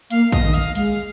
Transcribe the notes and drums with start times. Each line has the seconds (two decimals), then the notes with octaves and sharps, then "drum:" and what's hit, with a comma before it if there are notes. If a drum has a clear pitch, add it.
0.10 A#3 F5, drum: hi-hat
0.32 D#5, drum: kick, hi-hat
0.43 D#3
0.54 F5, drum: hi-hat
0.75 G#3 F5, drum: hi-hat